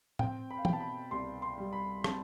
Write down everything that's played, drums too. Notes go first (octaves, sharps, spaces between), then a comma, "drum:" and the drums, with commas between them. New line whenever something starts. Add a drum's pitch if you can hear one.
C4 G5, drum: tom A2
B5
F5
B2 G5, drum: tom E3
A5
B5
C2 C6
C6
G3
B5
C4 A5, drum: rim click